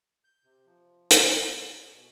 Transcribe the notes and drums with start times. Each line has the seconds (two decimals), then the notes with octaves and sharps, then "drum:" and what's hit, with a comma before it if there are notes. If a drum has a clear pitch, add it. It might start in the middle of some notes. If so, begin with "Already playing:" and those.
0.24 G6
0.44 C3
0.67 F3
1.11 A5, drum: hi-hat
1.38 D6
1.55 G4
1.75 G#4
1.92 B2